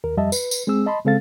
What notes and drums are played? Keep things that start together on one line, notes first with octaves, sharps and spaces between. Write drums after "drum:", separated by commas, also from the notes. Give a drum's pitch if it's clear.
D#2 A#4
F2 G3 D#5 E5 A5
B4, drum: tambourine
drum: tambourine
G#3 C4 G#4 E6
D#5 A5 B5 C6
C#3 G#3 C4 A4 F5 A6